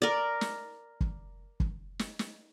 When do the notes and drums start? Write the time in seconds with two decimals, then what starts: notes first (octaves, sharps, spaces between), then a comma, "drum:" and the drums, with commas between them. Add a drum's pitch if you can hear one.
0.02 A#4 D5
0.41 drum: snare
1.01 drum: kick
1.60 drum: kick
1.99 drum: snare
2.19 drum: snare